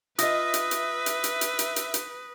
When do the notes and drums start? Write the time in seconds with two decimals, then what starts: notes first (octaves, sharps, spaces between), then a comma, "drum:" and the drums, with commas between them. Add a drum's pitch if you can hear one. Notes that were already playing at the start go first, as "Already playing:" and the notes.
0.19 F4 B4 D#5 E5 D#6 A#6, drum: hi-hat
0.54 drum: hi-hat
0.71 drum: hi-hat
1.06 drum: hi-hat
1.24 drum: hi-hat
1.41 drum: hi-hat
1.59 drum: hi-hat
1.76 drum: hi-hat
1.94 drum: hi-hat